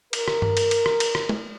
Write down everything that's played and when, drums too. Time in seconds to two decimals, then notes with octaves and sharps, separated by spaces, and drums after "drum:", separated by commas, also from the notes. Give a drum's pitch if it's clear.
0.13 A#4, drum: cymbal
0.28 drum: rim click
0.42 drum: tom G2
0.57 drum: cymbal
0.71 drum: cymbal
0.86 drum: rim click
1.00 drum: cymbal
1.15 drum: rim click
1.29 drum: tom